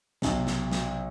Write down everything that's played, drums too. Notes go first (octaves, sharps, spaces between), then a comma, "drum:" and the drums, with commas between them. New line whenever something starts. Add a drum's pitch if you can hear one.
B1 C3, drum: snare
drum: snare
drum: snare